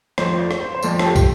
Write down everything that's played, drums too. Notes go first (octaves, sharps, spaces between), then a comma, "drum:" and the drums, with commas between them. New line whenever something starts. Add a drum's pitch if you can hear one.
F2 F3 A3 C5, drum: rim click
D5
drum: rim click
C5
C5
F2 F3 A3 D5, drum: tambourine
A4, drum: rim click
G4
drum: kick, tambourine